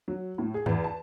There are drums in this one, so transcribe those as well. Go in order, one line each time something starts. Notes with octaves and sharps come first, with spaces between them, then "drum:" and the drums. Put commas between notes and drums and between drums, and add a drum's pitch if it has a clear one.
F#3
A2
G#4
E2, drum: tom G2
A5